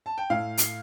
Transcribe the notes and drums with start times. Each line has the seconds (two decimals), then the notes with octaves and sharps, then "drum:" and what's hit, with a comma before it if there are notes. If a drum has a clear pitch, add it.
0.06 A5
0.18 G5
0.30 A2 F5
0.58 drum: hi-hat